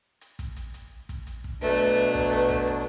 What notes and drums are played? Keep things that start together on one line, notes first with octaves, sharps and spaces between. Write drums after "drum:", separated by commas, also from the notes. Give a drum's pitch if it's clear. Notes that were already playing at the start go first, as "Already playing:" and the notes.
drum: hi-hat
drum: kick, hi-hat
drum: hi-hat
drum: hi-hat
drum: kick, hi-hat
drum: hi-hat
drum: kick
B2 F#3 A3 D4 B4, drum: hi-hat
drum: hi-hat
drum: kick, hi-hat
drum: hi-hat
drum: kick, hi-hat
drum: hi-hat